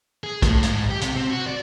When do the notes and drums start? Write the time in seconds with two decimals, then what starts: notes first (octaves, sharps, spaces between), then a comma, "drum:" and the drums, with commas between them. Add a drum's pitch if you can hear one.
0.24 G#4
0.42 A2, drum: kick, hi-hat
0.63 G#2, drum: hi-hat
0.90 G4
1.01 C3, drum: hi-hat
1.16 C4
1.30 F#4
1.47 D5